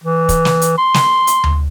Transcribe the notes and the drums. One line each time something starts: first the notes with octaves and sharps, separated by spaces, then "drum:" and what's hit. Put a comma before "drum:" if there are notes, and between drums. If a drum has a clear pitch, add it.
E3
drum: kick, hi-hat
drum: snare
drum: hi-hat
C6
drum: snare
drum: hi-hat
drum: tom D2